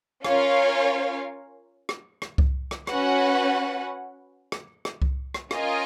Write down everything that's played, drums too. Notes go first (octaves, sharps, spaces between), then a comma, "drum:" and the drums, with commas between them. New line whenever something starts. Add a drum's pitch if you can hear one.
C#4 F4 A#4 C#5 F5, drum: rim click
drum: rim click
drum: rim click
drum: kick C2
drum: rim click
C#4 F#4 B4 F#5, drum: rim click
drum: rim click
drum: rim click
drum: kick C2
drum: rim click
C#4 F4 A#4 D#5 G#5, drum: rim click